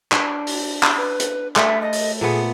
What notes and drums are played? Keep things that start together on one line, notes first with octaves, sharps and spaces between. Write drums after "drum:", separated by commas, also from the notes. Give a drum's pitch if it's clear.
D4, drum: clap
drum: open hi-hat
drum: clap
B4
drum: hi-hat
A3 E5, drum: clap
D#5
drum: open hi-hat
A#2 A3 B3 G#4